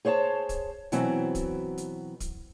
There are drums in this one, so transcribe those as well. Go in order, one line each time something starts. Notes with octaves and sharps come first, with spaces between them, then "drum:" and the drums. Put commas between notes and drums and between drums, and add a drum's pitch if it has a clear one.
G#4 C5 C#5 F5 A5
drum: kick, hi-hat
B2 E3 F#3 B3 C4, drum: hi-hat
drum: kick, hi-hat
drum: hi-hat
drum: kick, hi-hat